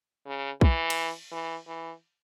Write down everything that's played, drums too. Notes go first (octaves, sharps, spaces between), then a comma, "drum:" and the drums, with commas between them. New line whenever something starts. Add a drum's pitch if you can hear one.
C#3
E3, drum: kick
drum: cymbal
E3
E3